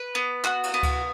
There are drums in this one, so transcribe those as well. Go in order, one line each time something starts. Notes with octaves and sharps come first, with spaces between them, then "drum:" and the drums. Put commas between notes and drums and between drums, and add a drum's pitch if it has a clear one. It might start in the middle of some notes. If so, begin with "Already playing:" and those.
Already playing: B4
B3
F#4, drum: clap
drum: cymbal
B3
drum: kick C#2, cymbal